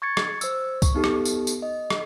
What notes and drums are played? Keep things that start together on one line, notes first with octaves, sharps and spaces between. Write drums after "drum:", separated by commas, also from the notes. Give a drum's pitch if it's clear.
C#6 G#6 A6 C#7
drum: rim click
C5 E6, drum: tambourine
C#6, drum: kick C#2, tambourine
B3 D#4 G4 A4
drum: rim click
drum: tambourine
drum: tambourine
D#5
drum: rim click